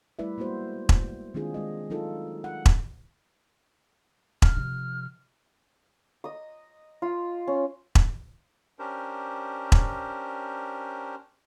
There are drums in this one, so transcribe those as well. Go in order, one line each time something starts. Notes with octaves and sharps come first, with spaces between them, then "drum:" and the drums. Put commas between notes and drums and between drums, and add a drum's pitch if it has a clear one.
G3 A3 E4 B4 D5 E5
G#3 A#3 B3 F#4 C5
drum: kick E1
D#3 G#3 C4 D4 F4 G#4
G#3 D#5
F#3 D#4 F4 A4
F#5
drum: kick E1
F6, drum: kick E1
C3 F3
D#5 D#6
F4
C#4
drum: kick E1
C#4 D4 G4 A#4 C5
drum: kick E1